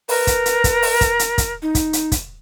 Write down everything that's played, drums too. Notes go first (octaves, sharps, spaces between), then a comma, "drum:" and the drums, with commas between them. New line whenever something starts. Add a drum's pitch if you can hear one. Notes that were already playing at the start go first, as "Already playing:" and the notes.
A#4 B4, drum: open hi-hat
drum: kick, hi-hat
drum: hi-hat
drum: kick, hi-hat
drum: open hi-hat
drum: kick, hi-hat
drum: hi-hat
drum: kick, hi-hat
D#4
drum: kick, hi-hat
drum: hi-hat
drum: kick, hi-hat